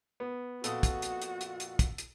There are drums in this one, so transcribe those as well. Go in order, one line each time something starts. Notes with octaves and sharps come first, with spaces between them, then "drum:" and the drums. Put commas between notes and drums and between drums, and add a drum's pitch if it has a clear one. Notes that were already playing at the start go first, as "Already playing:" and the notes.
B3
F2 A#2 F#4 A4 D#6, drum: hi-hat
drum: kick, hi-hat
drum: hi-hat
drum: hi-hat
drum: hi-hat
drum: hi-hat
drum: kick, hi-hat
drum: hi-hat